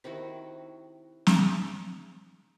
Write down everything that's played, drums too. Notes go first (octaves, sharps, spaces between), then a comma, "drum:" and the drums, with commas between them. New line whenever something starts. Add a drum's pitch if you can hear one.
C3 D#3 E4 F#4
drum: snare